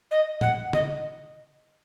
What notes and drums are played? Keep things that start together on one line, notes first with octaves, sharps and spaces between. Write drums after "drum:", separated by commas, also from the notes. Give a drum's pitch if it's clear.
D#5
F#5, drum: tom A2
D#5, drum: tom